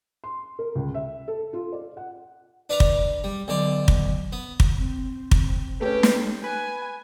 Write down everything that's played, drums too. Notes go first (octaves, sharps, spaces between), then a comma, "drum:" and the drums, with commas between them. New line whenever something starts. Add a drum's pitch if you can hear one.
C6
A#4
C#2
E5
A4
F4
D5
F#5
D4 B4 F5 A#5
drum: kick
G3
B1 D3 D5 C6
drum: kick
B3
drum: kick
C4
drum: kick
A3 C#4 G4 B4
drum: snare
B4 G#5